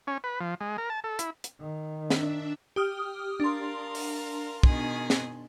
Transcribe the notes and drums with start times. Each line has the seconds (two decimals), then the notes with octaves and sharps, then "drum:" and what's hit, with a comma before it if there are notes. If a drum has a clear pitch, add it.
0.07 C#4
0.24 B4
0.40 F3
0.61 G#3
0.78 A#4
0.90 A5
1.04 A4
1.19 E4, drum: hi-hat
1.44 drum: hi-hat
1.60 D#3
2.10 D4 E5, drum: snare
2.76 G4 D#6 F6
3.40 D4 A#4 F5 C6
3.95 drum: open hi-hat
4.63 B2 D#3 G#4, drum: kick
5.10 drum: snare